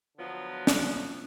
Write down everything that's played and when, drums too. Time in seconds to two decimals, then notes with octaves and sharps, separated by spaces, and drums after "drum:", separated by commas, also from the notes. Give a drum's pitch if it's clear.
0.18 D3 F3 F#3 B3
0.67 drum: snare